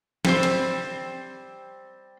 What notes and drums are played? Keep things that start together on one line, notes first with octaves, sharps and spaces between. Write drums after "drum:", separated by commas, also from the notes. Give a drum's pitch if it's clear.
G3 C4 C5, drum: snare
drum: hi-hat